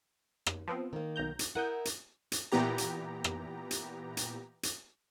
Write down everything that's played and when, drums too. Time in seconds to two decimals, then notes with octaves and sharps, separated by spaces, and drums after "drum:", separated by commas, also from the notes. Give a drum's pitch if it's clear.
0.46 drum: rim click
0.68 F3 B3 C4
0.93 D#3 A#3
1.16 B1 A#5 G6
1.39 drum: hi-hat
1.55 E4 A#4 F#5 D#6 G6
1.85 drum: hi-hat
2.32 drum: hi-hat
2.52 A#2 E3 B3 G4 A#5
2.78 drum: hi-hat
3.24 drum: rim click
3.71 drum: hi-hat
4.17 drum: hi-hat
4.63 drum: hi-hat